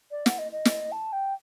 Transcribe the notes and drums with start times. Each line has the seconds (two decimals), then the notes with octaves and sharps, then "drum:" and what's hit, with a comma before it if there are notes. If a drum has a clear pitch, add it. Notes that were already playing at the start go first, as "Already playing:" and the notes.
0.11 D5
0.26 F#5, drum: snare
0.39 D#5
0.52 D#5
0.65 drum: snare
0.92 A5
1.13 G5